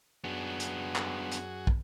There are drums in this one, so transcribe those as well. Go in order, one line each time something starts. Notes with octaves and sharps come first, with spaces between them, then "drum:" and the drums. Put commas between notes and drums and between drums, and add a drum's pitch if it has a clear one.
F#2 B3 D4 F#4 G#4
drum: hi-hat
drum: clap
drum: hi-hat
drum: kick